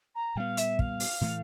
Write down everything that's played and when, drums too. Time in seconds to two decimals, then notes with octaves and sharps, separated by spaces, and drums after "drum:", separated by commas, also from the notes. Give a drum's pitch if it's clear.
0.15 A#5
0.36 A#2 G3 B3 F5
0.57 E5, drum: hi-hat
0.79 F5, drum: kick
1.00 drum: open hi-hat
1.21 A2 E3 A3